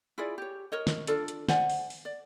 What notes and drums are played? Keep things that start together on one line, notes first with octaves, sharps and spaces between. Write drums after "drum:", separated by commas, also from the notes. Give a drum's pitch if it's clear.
E4 F4 G#4 D5
G4 C#5
A#4 C#5 D#5
drum: snare
D4 F4 A4 D5, drum: hi-hat
drum: hi-hat
C5 D5 F#5 G#5, drum: snare
drum: open hi-hat
drum: open hi-hat
D5